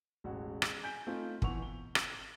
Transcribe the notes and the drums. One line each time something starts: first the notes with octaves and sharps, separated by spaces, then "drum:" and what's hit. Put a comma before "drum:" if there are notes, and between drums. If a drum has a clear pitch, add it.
E1 A1 F#4
drum: rim click
G#5 G6 B6 D7
A3 C4 D#4 F4
B2 E3 F#5 C#6 F7, drum: kick
G7
drum: rim click